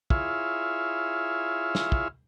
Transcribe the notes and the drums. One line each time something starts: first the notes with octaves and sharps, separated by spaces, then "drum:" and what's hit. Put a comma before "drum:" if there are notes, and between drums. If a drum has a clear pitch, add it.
E4 F4 G#4 C#5 E5 F5, drum: kick
drum: snare
drum: kick